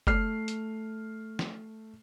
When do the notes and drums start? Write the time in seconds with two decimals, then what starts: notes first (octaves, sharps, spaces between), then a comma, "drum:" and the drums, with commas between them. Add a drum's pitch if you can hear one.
0.07 A3 F6 C7, drum: kick
0.48 drum: hi-hat
1.39 drum: snare